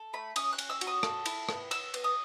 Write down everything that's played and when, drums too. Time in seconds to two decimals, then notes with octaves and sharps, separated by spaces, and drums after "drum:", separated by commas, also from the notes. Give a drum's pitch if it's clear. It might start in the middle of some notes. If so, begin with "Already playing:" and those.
Already playing: A4
0.13 A3 B5
0.36 C#4 D#6, drum: cymbal
0.52 F#6
0.58 C#4, drum: cymbal
0.70 E6
0.81 F#4, drum: cymbal
0.87 D#6
1.03 A4, drum: rim click
1.26 E4, drum: cymbal
1.49 B3, drum: rim click
1.71 B3 E6, drum: cymbal
1.94 B3, drum: cymbal
2.04 D#6